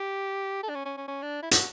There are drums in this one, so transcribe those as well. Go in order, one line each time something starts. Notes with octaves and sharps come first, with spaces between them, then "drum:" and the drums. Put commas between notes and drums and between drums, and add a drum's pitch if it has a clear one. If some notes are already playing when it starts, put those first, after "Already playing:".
Already playing: G4
A4
D4
C#4
C#4
C#4
C#4
D4
E4
F#4, drum: hi-hat